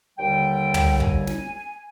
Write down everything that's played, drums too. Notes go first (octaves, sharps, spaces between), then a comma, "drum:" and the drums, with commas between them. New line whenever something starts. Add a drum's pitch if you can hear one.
D#2 D3 G3 G5
drum: tom
G#5, drum: kick
drum: snare